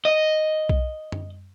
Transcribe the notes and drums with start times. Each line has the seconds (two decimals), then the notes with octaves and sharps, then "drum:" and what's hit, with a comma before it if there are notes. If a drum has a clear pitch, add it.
0.05 D#5
0.69 drum: kick B1
1.12 drum: tom F#2